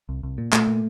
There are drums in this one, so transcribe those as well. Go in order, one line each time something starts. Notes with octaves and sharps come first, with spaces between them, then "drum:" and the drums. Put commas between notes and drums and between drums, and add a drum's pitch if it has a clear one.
C2
C2
A#2
A#2 A3, drum: clap
A#2